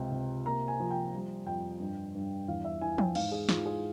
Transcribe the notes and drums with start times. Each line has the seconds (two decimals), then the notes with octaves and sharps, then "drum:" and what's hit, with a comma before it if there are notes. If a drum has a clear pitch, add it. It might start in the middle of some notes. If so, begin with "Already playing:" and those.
Already playing: C#2 C3 G5
0.12 C3
0.46 A#3 A#5
0.68 G#5
0.80 F3
0.91 G5
1.14 G3
1.46 F2 G5
1.80 G2
2.14 G2
2.48 E2 F5
2.64 E5
2.81 E3 G#5
2.98 G5, drum: tom F3
3.15 G#2 F5, drum: cymbal
3.32 G#4
3.49 G#2 F4, drum: snare
3.66 G#4